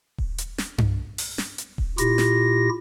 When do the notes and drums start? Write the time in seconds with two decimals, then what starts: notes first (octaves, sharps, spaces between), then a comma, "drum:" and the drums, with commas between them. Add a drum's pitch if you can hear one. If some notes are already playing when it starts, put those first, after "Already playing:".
0.18 drum: kick D#1
0.38 drum: hi-hat
0.58 drum: snare
0.78 drum: tom G2
1.18 drum: open hi-hat
1.38 drum: snare
1.58 drum: hi-hat
1.78 drum: kick D#1
1.98 A#2 E4 F4 G4 A#6, drum: hi-hat
2.18 drum: snare